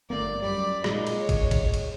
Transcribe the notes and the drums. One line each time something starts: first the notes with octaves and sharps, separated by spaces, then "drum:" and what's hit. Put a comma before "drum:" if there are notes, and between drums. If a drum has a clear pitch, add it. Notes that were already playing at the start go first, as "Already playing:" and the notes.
G1 A3 A#3 D5
F#2 G3 D5 B5
A#2 G#3 D#4, drum: rim click
drum: cymbal
C#5
drum: kick, cymbal
drum: kick, cymbal
drum: cymbal